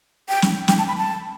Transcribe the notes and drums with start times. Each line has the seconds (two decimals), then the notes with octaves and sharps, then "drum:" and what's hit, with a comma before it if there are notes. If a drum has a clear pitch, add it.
0.29 G5
0.42 drum: snare
0.68 G5, drum: snare
0.78 A5
0.88 B5
0.97 A5